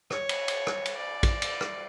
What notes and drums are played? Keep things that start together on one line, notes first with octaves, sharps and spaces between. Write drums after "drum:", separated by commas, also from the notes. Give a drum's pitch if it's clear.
C#5, drum: rim click
drum: cymbal
drum: cymbal
drum: rim click
drum: cymbal
D5
drum: kick, cymbal
drum: cymbal
drum: rim click